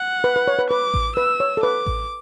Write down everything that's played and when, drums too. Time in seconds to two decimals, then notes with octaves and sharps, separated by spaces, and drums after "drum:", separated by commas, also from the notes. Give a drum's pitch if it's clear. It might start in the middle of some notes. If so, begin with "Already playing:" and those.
Already playing: F#5
0.24 B4
0.36 B4
0.48 C#5
0.59 B4
0.70 B4 D6
0.94 drum: kick A1
1.17 B4 E6
1.40 C#5
1.57 A4
1.63 B4 D6
1.86 drum: kick A1